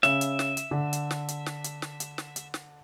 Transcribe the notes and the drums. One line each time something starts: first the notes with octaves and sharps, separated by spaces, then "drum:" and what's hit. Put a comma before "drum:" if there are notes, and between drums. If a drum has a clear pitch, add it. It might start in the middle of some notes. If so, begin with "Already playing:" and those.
C#3 E5, drum: snare
drum: hi-hat
drum: snare
drum: hi-hat
D3
drum: hi-hat
drum: snare
drum: hi-hat
drum: snare
drum: hi-hat
drum: snare
drum: hi-hat
drum: snare
drum: hi-hat
drum: snare